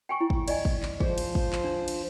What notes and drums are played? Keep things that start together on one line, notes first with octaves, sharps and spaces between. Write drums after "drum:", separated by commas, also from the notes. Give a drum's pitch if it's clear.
G5 G#5 C#6
E4
drum: kick
D5 D#5 G#5, drum: cymbal
drum: kick
drum: clap
F3 G#4 C5, drum: kick
drum: cymbal
drum: kick
drum: clap
D4
drum: cymbal